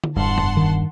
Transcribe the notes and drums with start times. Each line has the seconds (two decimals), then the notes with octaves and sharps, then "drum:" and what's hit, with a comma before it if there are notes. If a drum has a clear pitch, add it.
0.04 drum: tom D3
0.17 E1 G2 F#5 A5 C6
0.38 drum: tom F2
0.57 D#3